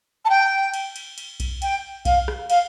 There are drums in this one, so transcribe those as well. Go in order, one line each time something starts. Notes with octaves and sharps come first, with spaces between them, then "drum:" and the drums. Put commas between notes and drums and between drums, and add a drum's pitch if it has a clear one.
A5
G5
drum: cymbal
drum: cymbal
drum: cymbal
drum: kick B1, cymbal
G5, drum: cymbal
F5, drum: kick B1, cymbal
drum: rim click
F5, drum: cymbal